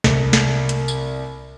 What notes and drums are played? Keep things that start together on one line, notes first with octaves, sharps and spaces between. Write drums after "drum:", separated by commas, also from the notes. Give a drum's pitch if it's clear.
C2, drum: snare
drum: snare
drum: hi-hat
drum: tambourine